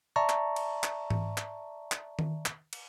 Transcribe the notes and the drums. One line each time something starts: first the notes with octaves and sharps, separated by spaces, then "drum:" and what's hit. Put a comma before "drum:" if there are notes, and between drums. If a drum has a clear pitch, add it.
D5 E5 A5 A#5 C#6
drum: clap
drum: cymbal
drum: clap
drum: tom G#2
drum: clap
drum: clap
drum: tom D#3
drum: clap
drum: cymbal